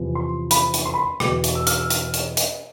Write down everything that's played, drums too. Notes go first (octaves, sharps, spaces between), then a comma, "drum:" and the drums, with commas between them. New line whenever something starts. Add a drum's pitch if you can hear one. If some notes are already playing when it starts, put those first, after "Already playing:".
Already playing: E2 C3 F3
C6
B5, drum: hi-hat
drum: hi-hat
C6
B5
C6
E2 B2 D6, drum: rim click
drum: hi-hat
E6
F6, drum: hi-hat
E6
F6, drum: hi-hat
drum: hi-hat
drum: hi-hat